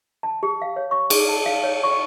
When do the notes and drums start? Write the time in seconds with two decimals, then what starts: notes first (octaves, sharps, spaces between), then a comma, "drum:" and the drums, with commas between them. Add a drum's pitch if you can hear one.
0.23 A5
0.43 G4
0.62 F5
0.76 C#5
0.91 C#6
1.10 G#4, drum: cymbal
1.29 A5
1.46 F5
1.63 C#5
1.83 C#6